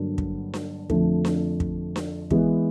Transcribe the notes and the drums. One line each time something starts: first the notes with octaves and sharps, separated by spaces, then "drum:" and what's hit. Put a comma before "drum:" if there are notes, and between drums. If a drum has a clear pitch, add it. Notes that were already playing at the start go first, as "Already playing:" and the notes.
Already playing: G2 D3 F#3 A#3 D4
drum: kick
drum: snare D4
F2 D3 F3 A3, drum: kick
drum: snare D4
drum: kick
drum: snare D4
E3 G#3 B3, drum: kick